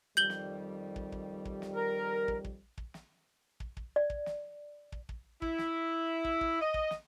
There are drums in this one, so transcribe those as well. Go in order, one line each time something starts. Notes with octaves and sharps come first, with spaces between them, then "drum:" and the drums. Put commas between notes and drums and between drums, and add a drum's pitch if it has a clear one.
F2 D#3 G3 G6 F#7 G7
drum: snare
drum: kick
drum: kick
drum: kick
drum: snare
A#4
drum: kick
drum: kick
drum: kick
drum: snare
drum: kick
drum: kick
D5
drum: kick
drum: snare
drum: kick
drum: kick
E4, drum: kick
drum: snare
drum: kick
drum: kick
D#5
drum: kick
drum: snare